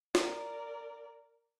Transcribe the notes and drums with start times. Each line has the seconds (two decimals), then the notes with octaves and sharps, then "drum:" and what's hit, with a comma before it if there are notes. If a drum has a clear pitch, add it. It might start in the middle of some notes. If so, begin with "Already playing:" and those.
0.15 A#4 D5, drum: snare